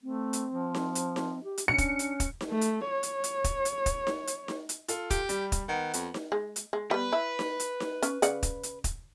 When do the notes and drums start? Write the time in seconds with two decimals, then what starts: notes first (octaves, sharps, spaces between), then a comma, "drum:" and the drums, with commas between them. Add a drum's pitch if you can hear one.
0.03 A3 C4
0.33 drum: hi-hat
0.51 F3
0.74 drum: snare D#4
0.95 drum: hi-hat
1.16 drum: snare D#4
1.44 G4
1.58 drum: hi-hat
1.68 C#4 D4 C#7
1.78 drum: kick, hi-hat
1.99 drum: hi-hat
2.20 drum: kick, hi-hat
2.41 drum: snare D#4
2.50 A3
2.61 drum: hi-hat
2.91 C#5
3.03 drum: hi-hat
3.24 drum: hi-hat
3.44 drum: kick, hi-hat
3.65 drum: hi-hat
3.86 drum: kick, hi-hat
4.07 drum: snare D#4
4.27 drum: hi-hat
4.48 drum: snare D#4
4.69 drum: hi-hat
4.88 F4 A4, drum: hi-hat
5.10 G4, drum: kick, hi-hat
5.29 G3, drum: hi-hat
5.52 drum: kick, hi-hat
5.68 D#3 B3 F#5
5.94 F2, drum: hi-hat
6.14 drum: snare D#4
6.32 G#3
6.56 drum: hi-hat
6.73 G#3
6.91 G3 B3 B4
7.12 E4
7.39 drum: snare D#4
7.60 drum: hi-hat
7.80 drum: snare D#4
8.02 C#4, drum: hi-hat
8.22 C#3 D5 F#5, drum: hi-hat
8.43 drum: kick, hi-hat
8.63 drum: hi-hat
8.84 drum: kick, hi-hat